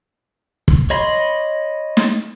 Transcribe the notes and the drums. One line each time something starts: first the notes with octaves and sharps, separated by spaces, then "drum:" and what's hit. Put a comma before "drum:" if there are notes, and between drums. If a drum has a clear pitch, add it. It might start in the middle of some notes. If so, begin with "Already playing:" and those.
drum: kick
C#5 D#5 B5 C6
drum: snare